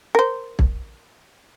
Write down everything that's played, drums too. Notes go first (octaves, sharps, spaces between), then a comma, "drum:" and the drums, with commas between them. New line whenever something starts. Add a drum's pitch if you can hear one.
A#4 C5
drum: kick